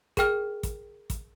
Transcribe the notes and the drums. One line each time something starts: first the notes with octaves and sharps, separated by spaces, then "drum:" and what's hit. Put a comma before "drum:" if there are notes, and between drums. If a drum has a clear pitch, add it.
G#4 A#4 G5 F6, drum: kick, hi-hat
drum: kick, hi-hat
drum: kick, hi-hat